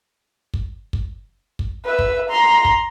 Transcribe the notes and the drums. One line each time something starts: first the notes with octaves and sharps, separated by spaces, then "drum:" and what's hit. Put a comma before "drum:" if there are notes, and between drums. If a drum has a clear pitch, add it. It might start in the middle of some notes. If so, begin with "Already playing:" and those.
drum: kick
drum: kick
drum: kick
B4 E5
drum: kick
A#5 C6
drum: kick